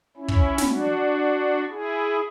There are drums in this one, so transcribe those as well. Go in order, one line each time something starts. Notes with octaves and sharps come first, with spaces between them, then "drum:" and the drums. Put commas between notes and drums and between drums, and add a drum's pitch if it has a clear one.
C#4 E4
drum: kick
drum: snare
D4 F#4
E4 G#4